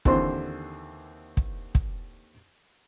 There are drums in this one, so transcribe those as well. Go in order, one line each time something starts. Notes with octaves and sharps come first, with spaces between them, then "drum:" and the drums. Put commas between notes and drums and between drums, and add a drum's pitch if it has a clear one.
D#2 D3 E3 C4 C5 C6, drum: kick
drum: kick
drum: kick